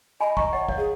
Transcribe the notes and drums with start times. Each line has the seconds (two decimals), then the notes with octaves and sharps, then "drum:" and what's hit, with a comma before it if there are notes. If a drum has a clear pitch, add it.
0.20 D#5 G#5 B5
0.37 D#5 A#5 C#6, drum: kick
0.53 C#5 D#5 F#5
0.68 C#5 F5, drum: kick
0.78 G#4